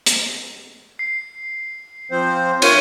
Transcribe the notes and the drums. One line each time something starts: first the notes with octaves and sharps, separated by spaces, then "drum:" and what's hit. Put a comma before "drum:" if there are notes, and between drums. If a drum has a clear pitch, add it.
drum: hi-hat
C7
F3 C4 C5
F4 C#5 D#7, drum: cymbal